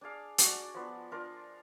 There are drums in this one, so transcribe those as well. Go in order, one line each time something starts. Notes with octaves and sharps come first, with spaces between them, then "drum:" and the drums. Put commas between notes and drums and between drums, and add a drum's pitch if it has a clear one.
D4 G#4 D5 F5
D4 F#4 D5, drum: hi-hat
F3 B3 D4
D4 F4 A#4 D5